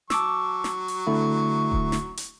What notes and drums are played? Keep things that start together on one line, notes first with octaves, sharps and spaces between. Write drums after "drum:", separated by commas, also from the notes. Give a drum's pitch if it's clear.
F#3 A5 C#6 D6 E6, drum: snare
drum: snare
drum: open hi-hat
D3 A3 E4
drum: kick D#1
drum: snare
drum: hi-hat